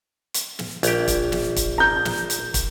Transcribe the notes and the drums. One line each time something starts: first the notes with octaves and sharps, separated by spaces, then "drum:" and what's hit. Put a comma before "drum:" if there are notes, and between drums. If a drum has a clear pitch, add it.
drum: hi-hat
drum: snare
A#1 G4, drum: hi-hat
drum: kick, hi-hat
drum: snare
drum: kick, hi-hat
A#5 G6
drum: snare
drum: hi-hat
drum: kick, hi-hat